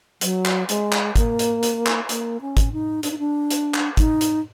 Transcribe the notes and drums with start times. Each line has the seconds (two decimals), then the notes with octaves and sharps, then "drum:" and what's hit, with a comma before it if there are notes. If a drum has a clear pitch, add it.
0.21 F#3, drum: hi-hat
0.45 drum: clap
0.69 G#3, drum: hi-hat
0.92 drum: clap
1.16 A#3, drum: kick, hi-hat
1.39 drum: hi-hat
1.63 drum: hi-hat
1.86 drum: clap
2.09 A#3, drum: hi-hat
2.41 C#4
2.57 drum: kick, hi-hat
2.72 D#4
3.03 D4, drum: hi-hat
3.11 D#4
3.18 D4
3.51 drum: hi-hat
3.74 drum: clap
3.97 D#4, drum: kick, hi-hat
4.21 drum: hi-hat